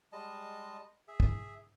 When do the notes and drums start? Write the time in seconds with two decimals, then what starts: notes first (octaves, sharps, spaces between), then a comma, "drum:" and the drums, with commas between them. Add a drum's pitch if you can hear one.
0.12 G3 G#3 D#5 A5
1.08 G#4 E5
1.20 drum: kick